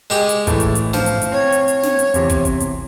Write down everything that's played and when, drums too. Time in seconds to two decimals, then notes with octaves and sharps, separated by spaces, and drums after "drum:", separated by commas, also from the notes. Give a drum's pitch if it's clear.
0.10 G#3 G4 G#4
0.29 drum: hi-hat
0.47 A2 E3 A3, drum: kick, hi-hat
0.60 drum: hi-hat
0.75 drum: hi-hat
0.94 F3, drum: snare
1.06 drum: hi-hat
1.22 drum: hi-hat
1.32 C4 C#5
1.52 drum: hi-hat
1.68 drum: hi-hat
1.83 drum: snare
1.99 drum: hi-hat
2.14 E2 C3, drum: hi-hat
2.30 drum: kick, hi-hat
2.45 drum: hi-hat
2.60 drum: hi-hat